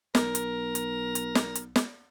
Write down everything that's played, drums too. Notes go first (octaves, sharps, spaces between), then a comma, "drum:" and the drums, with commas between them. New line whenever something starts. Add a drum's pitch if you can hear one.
B1 A#4, drum: snare
drum: hi-hat
drum: hi-hat
drum: hi-hat
drum: snare
drum: hi-hat
drum: snare